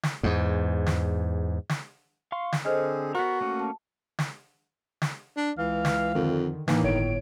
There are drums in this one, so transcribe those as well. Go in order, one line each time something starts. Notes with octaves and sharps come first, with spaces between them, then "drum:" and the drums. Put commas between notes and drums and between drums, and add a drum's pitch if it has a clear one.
drum: snare
E2 G#2
drum: snare
drum: snare
F5 C6 C#6
drum: snare
D3 C4 G#4 A4 C5 D#5 F6
B3 F#4 A#4
A3 A#3 C#4
A5
drum: snare
drum: snare
D4
C#2 E3 F5
drum: snare
F2 D3 D#3
A2 D#3 E3 A#3, drum: snare
G1 C#5 D7